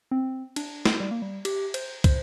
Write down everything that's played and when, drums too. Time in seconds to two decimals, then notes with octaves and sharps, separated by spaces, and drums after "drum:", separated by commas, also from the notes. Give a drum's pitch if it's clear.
0.11 C4
0.56 D4, drum: cymbal
0.85 drum: snare
1.00 G3
1.11 A#3
1.22 G3
1.45 G4, drum: cymbal
1.74 C5, drum: cymbal
2.04 C5, drum: kick, cymbal